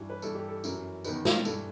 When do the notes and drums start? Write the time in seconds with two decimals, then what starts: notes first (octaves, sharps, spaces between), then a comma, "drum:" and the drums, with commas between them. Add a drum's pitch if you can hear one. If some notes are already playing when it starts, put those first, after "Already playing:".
Already playing: G2 E3
0.10 B4
0.22 G2 E3 A4, drum: tambourine
0.35 G4
0.48 A4
0.64 F#2 E3, drum: tambourine
1.04 E2 D#3 B4, drum: tambourine
1.25 drum: snare
1.45 G2 E3 A4, drum: tambourine